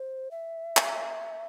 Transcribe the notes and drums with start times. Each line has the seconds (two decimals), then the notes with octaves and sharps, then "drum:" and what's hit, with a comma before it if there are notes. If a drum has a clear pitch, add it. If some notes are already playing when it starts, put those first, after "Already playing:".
Already playing: C5
0.31 E5
0.77 drum: clap